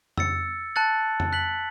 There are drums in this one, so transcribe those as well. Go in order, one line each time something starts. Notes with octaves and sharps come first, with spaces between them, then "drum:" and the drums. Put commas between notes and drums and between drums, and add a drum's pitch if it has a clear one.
E6 A6 C#7, drum: tom F2
A5 F#6 A6 C#7 F#7
drum: tom F2
F#6 B6 F#7